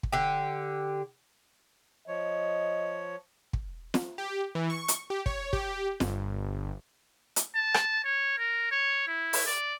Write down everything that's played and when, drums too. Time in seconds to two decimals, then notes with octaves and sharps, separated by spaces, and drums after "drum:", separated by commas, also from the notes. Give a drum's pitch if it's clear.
0.03 drum: kick
0.12 D3 G4
2.08 F3 C#5 D#5
3.53 drum: kick
3.94 drum: snare
4.18 G4
4.55 E3
4.70 C#6
4.88 drum: hi-hat
5.10 G4
5.26 C#5, drum: kick
5.53 G4, drum: kick
6.00 G1, drum: snare
7.36 drum: hi-hat
7.56 A5
7.74 drum: rim click
8.04 C#5
8.38 A#4
8.71 C#5
9.08 E4
9.33 drum: open hi-hat
9.47 D5